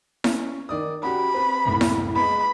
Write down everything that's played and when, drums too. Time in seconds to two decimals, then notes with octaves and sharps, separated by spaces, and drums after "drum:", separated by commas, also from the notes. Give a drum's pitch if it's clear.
0.24 C#4, drum: snare E4
0.69 D#3 D5 D#6
1.03 C#4 F#4 G4 B5
1.34 C4 B4
1.65 F#1 C2 A2
1.81 drum: snare E4
2.15 G#3 B3 B5